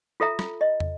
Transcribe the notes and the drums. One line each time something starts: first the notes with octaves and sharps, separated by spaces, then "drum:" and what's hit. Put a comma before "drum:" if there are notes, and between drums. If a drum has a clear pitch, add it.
F4 A4 E5 A#5
F4, drum: snare
D#5
drum: tom